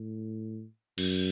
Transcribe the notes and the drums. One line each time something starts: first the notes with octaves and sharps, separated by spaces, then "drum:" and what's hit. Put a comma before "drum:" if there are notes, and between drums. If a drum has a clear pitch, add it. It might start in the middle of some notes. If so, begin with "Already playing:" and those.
Already playing: A2
F#2, drum: cymbal